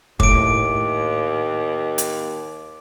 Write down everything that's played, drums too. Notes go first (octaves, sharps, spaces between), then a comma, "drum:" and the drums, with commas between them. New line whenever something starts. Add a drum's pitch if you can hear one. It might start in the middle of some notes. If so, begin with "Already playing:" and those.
D#2 A2 D6 D7, drum: kick
drum: hi-hat